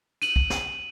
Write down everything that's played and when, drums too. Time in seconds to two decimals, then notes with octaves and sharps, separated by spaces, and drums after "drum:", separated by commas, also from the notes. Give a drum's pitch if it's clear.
0.22 D#7 F#7, drum: cymbal
0.36 drum: kick B1
0.50 drum: snare